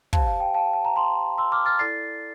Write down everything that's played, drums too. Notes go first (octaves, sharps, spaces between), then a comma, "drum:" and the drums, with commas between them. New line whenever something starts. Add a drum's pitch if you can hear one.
G4 C5 F5 A5, drum: kick
F5
G5
F5 A5
A5
A#5
A5 C6
C6 E6
D6 F6
F6 A6
E4 A4 D5 A6 C7